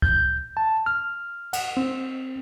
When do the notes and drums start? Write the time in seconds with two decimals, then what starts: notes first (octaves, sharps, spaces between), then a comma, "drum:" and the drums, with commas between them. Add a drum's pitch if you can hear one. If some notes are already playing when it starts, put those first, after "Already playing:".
0.02 G6, drum: kick C#2
0.57 A5
0.86 F6
1.53 F#5, drum: cymbal
1.77 C4